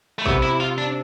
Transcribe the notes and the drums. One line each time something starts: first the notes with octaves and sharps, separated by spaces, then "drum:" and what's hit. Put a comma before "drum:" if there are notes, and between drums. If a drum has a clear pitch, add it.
A3
C3 B3, drum: kick A1
E4
F4
D4